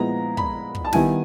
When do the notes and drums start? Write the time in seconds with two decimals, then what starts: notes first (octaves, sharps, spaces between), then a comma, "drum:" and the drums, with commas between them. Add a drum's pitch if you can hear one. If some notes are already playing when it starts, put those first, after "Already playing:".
Already playing: A#2 F3 G#3 B3 E4 A#5
0.37 B5, drum: kick
0.75 drum: kick
0.85 A5
0.93 D#3 G3 B3 E4 G#5, drum: snare